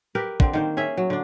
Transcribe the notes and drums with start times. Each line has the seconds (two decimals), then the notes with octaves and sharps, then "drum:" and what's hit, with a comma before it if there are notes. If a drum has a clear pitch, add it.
0.15 G4 A#4 B4
0.40 D3 C4, drum: kick
0.53 D#3 A#3 C5
0.77 C#4 G#4 C#5 E5
0.97 F#3
1.10 D3 D4